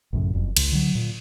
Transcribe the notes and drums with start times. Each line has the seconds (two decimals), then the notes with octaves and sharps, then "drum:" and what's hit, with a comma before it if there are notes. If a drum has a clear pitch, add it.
0.13 A1 F#2 C#3
0.33 F#1 F2
0.57 C#2, drum: cymbal
0.72 D3 F#3
0.95 A#2